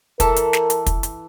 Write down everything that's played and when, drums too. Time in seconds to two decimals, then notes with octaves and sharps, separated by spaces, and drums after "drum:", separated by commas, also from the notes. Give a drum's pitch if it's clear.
0.20 E3 A4 A#4 A5, drum: kick, hi-hat
0.36 drum: hi-hat
0.53 drum: snare
0.70 drum: hi-hat
0.86 drum: kick, hi-hat
1.03 drum: hi-hat